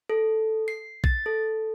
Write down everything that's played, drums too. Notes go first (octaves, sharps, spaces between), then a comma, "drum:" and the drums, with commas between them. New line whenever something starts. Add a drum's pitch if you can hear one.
A4
C7
A6, drum: kick
A4